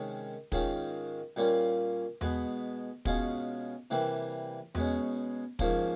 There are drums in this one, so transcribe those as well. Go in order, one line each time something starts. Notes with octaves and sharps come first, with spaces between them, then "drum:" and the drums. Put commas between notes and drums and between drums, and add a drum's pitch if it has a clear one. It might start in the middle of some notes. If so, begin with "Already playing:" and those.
Already playing: C3 D#3 G#3 C#4
G#2 D#3 G#3 C#4 F4, drum: kick
A#2 G3 A#3 C#4 F4
B2 G#3 B3, drum: tom E2
B2 G#3 C#4 F4, drum: kick
C3 E3 G3 A#3
B2 G#3 C#4, drum: tom E2
G#2 F3 A#3 C#4, drum: kick